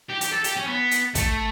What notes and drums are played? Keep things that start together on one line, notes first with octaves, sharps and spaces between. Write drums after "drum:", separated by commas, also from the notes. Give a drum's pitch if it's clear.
G4
G4, drum: hi-hat
A4
G4, drum: hi-hat
C#4
B3
drum: hi-hat
A3, drum: kick, hi-hat